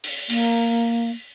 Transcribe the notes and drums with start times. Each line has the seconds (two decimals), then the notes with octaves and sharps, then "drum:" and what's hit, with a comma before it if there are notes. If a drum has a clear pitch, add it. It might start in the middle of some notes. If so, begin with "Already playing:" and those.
0.04 drum: open hi-hat
0.30 A#3, drum: open hi-hat